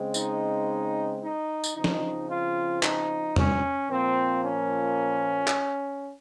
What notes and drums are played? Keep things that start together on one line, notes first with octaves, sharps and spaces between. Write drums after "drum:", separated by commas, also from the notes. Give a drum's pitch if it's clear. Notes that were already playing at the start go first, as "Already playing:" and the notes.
Already playing: C#3 G#3 C4
D#4, drum: tambourine
D#4
drum: tambourine
C#3 F3 C4 D#4
drum: snare
F4
D#4, drum: clap
C#4, drum: tom
A#2 F3 A#3 C4
C#4
drum: clap